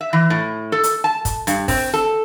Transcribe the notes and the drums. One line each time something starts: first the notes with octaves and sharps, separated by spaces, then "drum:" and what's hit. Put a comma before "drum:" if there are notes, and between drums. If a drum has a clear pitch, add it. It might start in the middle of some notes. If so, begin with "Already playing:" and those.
E5
E3
A2
A4
drum: hi-hat
A5
drum: kick, hi-hat
G2, drum: hi-hat
C4, drum: kick, open hi-hat
A4